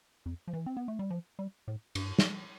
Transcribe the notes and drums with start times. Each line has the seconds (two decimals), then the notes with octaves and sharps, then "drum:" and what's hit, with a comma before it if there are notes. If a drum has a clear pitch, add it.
0.26 F2
0.47 F3
0.53 E3
0.66 C4
0.77 B3
0.88 A3
0.99 G3
1.10 F3
1.39 G3
1.68 A2
1.95 G2, drum: cymbal
2.19 drum: snare